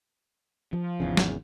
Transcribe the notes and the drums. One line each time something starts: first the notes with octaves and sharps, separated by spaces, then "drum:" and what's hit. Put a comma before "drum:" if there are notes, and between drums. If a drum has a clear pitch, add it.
F3
G#1 E2 C#3
drum: snare